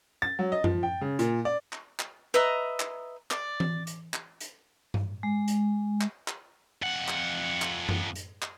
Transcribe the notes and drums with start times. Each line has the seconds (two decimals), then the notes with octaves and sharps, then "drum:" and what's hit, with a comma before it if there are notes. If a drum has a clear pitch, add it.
0.22 A6
0.39 F#3
0.52 D#5
0.64 F3, drum: tom F#2
0.83 G5
1.01 C#3
1.19 A#2, drum: hi-hat
1.45 D5
1.73 drum: clap
1.99 drum: clap
2.34 B4 D#5 E5 A#5
2.80 drum: clap
3.31 D5, drum: clap
3.60 drum: tom E3
3.87 drum: hi-hat
4.14 drum: clap
4.41 drum: hi-hat
4.94 drum: tom G2
5.23 G#3
5.48 drum: hi-hat
6.01 drum: clap
6.28 drum: clap
6.82 F2 F#5
7.08 drum: clap
7.62 drum: clap
7.89 drum: tom F#2
8.15 drum: hi-hat
8.42 drum: clap